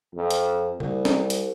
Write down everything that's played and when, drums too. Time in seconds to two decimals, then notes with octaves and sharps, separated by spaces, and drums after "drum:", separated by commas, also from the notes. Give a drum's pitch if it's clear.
0.14 F2
0.31 drum: hi-hat
0.80 C2 G3, drum: tom C3
1.05 drum: snare
1.30 drum: hi-hat